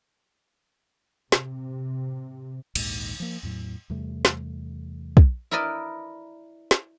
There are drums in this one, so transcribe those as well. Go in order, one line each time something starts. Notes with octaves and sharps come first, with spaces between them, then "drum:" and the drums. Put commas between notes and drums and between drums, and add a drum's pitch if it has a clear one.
C3, drum: snare
A#1 D#2 G#2 D#3, drum: cymbal
F3 A#3
E2 A2 F#3
E2 C3 G3 A3
drum: snare
drum: kick
E4 A#4 B4 D5 D#5
drum: snare